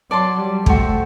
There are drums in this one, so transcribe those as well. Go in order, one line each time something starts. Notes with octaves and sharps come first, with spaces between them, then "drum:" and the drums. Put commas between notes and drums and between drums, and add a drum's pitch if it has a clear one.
F#3 D5 A5 C6
G3
A3 F#4 C5 G5, drum: kick